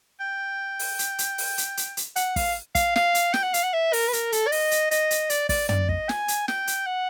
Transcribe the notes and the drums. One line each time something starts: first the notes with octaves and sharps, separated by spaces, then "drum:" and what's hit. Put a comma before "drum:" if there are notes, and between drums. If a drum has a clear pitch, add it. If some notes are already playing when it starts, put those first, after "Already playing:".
G5
drum: open hi-hat
drum: hi-hat
drum: hi-hat
drum: open hi-hat
drum: hi-hat
drum: hi-hat
drum: hi-hat
F#5, drum: hi-hat
F5, drum: kick, open hi-hat
F5, drum: kick, hi-hat
F5, drum: snare
drum: hi-hat
G5, drum: snare
F#5
F5, drum: hi-hat
F#5
E5
A#4, drum: open hi-hat
B4
A#4, drum: hi-hat
A4, drum: hi-hat
D5
D#5, drum: open hi-hat
drum: hi-hat
D#5, drum: hi-hat
drum: hi-hat
D5, drum: hi-hat
D5, drum: kick, open hi-hat
D5, drum: tom
D#5, drum: kick
G#5, drum: snare
drum: hi-hat
G5, drum: snare
drum: hi-hat
F#5